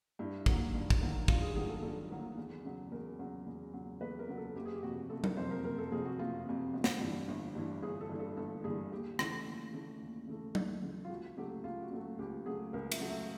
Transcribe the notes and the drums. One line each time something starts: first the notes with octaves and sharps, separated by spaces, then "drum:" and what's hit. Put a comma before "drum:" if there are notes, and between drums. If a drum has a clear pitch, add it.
G2 E4
D#3 F#3 A#3, drum: kick
G2
drum: kick
D#3 F#3 A#3
G2 F4, drum: kick
G#4
D#3 F#3 A#3 G#4
A4
G2 A4
D#3 F#3 A#3
E2
C#3 F#3
E2 A#4
C#3 F#3
E2
C#3 F#3
E2 B4
A#4
C#3 F#3
A4
F#1 G4
G#4
G4
F2 C3 F#4
F#1 A4
A#4, drum: tom F#3
F2 C3 C5
A#4
F#1 A#4
A4
F2 C3 G#4
F#4
F#1 F4
F2 C3
G1
drum: snare
G2 E3
G1
G2 E3
G1 G#4
A4
G2 E3
A4
G1 A4
G2 E3 G#4
D#2 G4
C#3 E3 A3, drum: rim click
D#2
C#3 E3 A3
D#2
C#3 E3 A3
D#2, drum: tom F#3
C#3 E3 A3
F4
C#2 F#4
C#3 F#3 A3 G4
C#2 F4
F#4
C#3 F#3 A3
F#4
C#2 G4
C#3 F#3 A3 G#4
C#2 A#4
E5, drum: cymbal
C#3 F#3 A3
E5